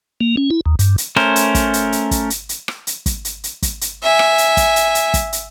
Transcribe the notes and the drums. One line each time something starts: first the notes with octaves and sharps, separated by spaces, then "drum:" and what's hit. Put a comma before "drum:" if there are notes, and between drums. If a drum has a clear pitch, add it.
A#3
C#4
E4
D#2
G2, drum: hi-hat
drum: hi-hat
A3 C#4 A#4 C5, drum: rim click
drum: hi-hat
drum: kick, hi-hat
drum: hi-hat
drum: hi-hat
drum: kick, hi-hat
drum: hi-hat
drum: hi-hat
drum: rim click
drum: hi-hat
drum: kick, hi-hat
drum: hi-hat
drum: hi-hat
drum: kick, hi-hat
drum: hi-hat
E5 G#5
drum: rim click
drum: hi-hat
drum: kick, hi-hat
drum: hi-hat
drum: hi-hat
drum: kick, hi-hat
drum: hi-hat